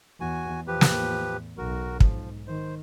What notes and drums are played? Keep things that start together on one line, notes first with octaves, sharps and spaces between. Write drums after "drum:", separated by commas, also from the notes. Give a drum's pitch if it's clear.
E2 F#4 G#5
E2 A2 F3 G4 B4
drum: snare
B1 F#4 A#4
G#2 F3, drum: kick
D#3 C5